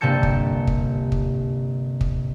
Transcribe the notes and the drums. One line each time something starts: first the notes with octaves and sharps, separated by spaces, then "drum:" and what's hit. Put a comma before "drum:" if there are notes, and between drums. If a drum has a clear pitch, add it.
G1 C3 A#3 A5 G6 C#7
drum: kick
drum: kick
drum: kick
drum: kick